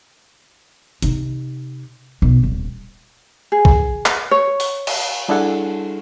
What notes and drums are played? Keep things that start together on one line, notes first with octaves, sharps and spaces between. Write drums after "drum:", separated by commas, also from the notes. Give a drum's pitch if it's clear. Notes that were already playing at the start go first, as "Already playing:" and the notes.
C3 D#4, drum: hi-hat
B1
D#1
G#4
drum: kick
drum: clap
C#5
drum: open hi-hat
drum: cymbal
G3 D4 E4 G#4 A4 F#5